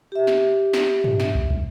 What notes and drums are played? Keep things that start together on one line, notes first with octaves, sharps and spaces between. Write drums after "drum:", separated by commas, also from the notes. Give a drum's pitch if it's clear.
G4 E5
drum: snare
drum: snare
drum: tom G2
drum: snare
drum: kick
drum: kick